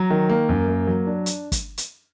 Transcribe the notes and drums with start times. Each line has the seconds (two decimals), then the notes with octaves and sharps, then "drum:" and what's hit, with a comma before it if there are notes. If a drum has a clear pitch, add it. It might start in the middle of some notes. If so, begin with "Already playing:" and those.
Already playing: F#3 A#5
0.10 D#3
0.30 A#3
0.49 F#2
0.68 A#3
0.87 F#3
1.07 D4
1.26 drum: hi-hat
1.52 drum: kick, hi-hat
1.78 drum: hi-hat